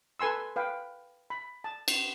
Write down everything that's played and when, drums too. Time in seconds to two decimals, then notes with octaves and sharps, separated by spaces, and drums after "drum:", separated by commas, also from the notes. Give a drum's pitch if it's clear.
0.19 A4 B4 G#5 C6 E6
0.56 B4 F5 G5
1.30 B5
1.64 A5
1.88 drum: cymbal